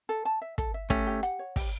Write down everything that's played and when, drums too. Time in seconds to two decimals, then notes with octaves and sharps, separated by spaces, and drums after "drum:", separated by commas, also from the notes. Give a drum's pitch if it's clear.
0.09 A4
0.25 A5
0.42 E5
0.58 A4, drum: kick, hi-hat
0.74 E5
0.90 A3 C#4 G4, drum: kick, hi-hat
1.07 G4
1.23 F#5, drum: hi-hat
1.39 C#5
1.56 G4, drum: kick, open hi-hat